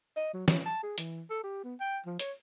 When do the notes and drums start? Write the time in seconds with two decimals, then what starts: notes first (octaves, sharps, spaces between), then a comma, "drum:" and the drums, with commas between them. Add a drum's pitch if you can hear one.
0.17 D#5
0.34 F#3
0.48 C#4, drum: snare
0.66 A5
0.83 G#4
0.98 E3, drum: hi-hat
1.30 A4
1.44 G4
1.64 B3
1.80 G5
2.06 F3
2.20 C#5, drum: hi-hat